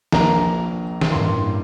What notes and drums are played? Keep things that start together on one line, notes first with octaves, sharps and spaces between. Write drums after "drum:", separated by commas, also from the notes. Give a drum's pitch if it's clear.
A#1 A#2 F3 A#3 D4 A#5, drum: snare
drum: snare
A1 G2 E3 A#3 C6